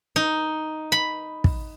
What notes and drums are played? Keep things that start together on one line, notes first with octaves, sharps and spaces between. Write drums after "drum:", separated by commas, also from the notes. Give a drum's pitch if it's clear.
D#4
B5
drum: kick